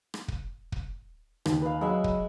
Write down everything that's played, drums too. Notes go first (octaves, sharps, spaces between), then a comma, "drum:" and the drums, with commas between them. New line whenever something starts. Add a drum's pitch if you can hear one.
drum: rim click
drum: kick
drum: kick
D#2, drum: rim click
B4 F5
F#3 G#3 E5 B5
drum: kick